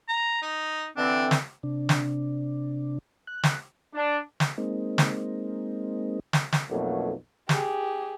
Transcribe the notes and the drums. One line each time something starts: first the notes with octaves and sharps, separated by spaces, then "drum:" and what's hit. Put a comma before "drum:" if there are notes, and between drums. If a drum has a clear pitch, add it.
A#5
D#4
D3 E3 C4 D4
drum: snare
C3 D4
drum: snare
F#6
drum: snare
D4
drum: snare
G#3 A#3 C4 D#4
drum: snare
drum: snare
drum: snare
B1 F2 B2 F#3 A3 A#3
G4 G#4, drum: snare